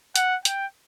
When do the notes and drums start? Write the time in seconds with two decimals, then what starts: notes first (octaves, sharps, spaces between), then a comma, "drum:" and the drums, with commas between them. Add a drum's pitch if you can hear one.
0.16 F#5, drum: hi-hat
0.45 G5, drum: hi-hat